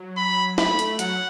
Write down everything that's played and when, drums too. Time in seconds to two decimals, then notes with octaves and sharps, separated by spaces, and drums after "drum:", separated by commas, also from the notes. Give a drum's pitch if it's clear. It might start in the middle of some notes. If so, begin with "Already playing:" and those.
Already playing: F#3
0.17 B5
0.58 A3 B5, drum: snare
0.79 A3, drum: hi-hat
0.99 F#3 F#5, drum: hi-hat